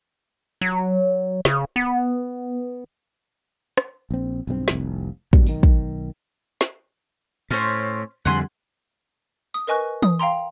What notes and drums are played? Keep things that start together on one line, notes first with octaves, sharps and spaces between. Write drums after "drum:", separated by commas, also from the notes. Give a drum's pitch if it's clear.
F#3
C#3, drum: snare
B3
drum: rim click
A#1 C4
B1 G2 G3 C4
F1 C2, drum: snare
A#1 G2 B2 G3, drum: kick
B1 D#3, drum: tambourine
drum: kick
drum: snare
A2 C#4 C5 C#5
F2 D3 G3 F#5 G#5 C6
D#6
A#4 B4 D#5 G#5 C#6 F#6
D#6, drum: tom E3
F5 G5 A#5 C6